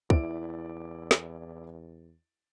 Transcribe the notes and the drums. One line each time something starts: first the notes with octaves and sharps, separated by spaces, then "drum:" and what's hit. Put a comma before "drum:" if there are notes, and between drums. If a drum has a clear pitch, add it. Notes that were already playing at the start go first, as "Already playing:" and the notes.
E2 E4 D5 D7, drum: kick
drum: snare